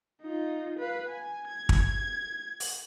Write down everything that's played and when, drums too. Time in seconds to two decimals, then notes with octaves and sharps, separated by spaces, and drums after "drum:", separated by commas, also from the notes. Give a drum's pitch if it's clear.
0.22 D#4 F4
0.79 B4 F5
1.09 G#5
1.48 G#6
1.69 drum: kick
2.60 drum: open hi-hat